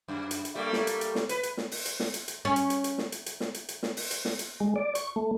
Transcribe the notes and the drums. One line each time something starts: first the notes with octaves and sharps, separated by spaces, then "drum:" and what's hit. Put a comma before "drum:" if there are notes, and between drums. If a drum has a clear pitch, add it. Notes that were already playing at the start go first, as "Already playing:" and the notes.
F#2
drum: hi-hat
drum: hi-hat
G3 A3 A#3
drum: snare
drum: hi-hat
drum: hi-hat
drum: snare
B4, drum: hi-hat
drum: hi-hat
drum: snare
drum: open hi-hat
drum: hi-hat
drum: snare
drum: hi-hat
drum: hi-hat
C#4
drum: hi-hat
drum: hi-hat
drum: hi-hat
drum: snare
drum: hi-hat
drum: hi-hat
drum: snare
drum: hi-hat
drum: hi-hat
drum: snare
drum: open hi-hat
drum: hi-hat
drum: snare
drum: hi-hat
G#3
D5
C#6, drum: hi-hat
A3